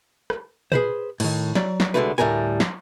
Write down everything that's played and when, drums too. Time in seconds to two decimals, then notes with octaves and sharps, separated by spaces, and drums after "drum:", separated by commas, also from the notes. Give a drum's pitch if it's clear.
0.30 drum: rim click
0.72 G#4 B4 C5, drum: tom A#2
1.20 A2 D#3, drum: cymbal
1.55 F#3 D5, drum: snare
1.80 drum: snare
1.94 C2 D3 G#3 A3 F#4 B4
2.18 D2 A2 G3 A#4 G#5
2.60 drum: snare